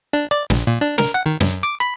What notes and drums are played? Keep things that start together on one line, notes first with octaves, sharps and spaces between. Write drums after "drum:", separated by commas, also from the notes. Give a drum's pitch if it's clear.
D4
D5
A#1, drum: snare
A#2
D4
A#4, drum: snare
F#5
D#3
F#2, drum: snare
D6
B5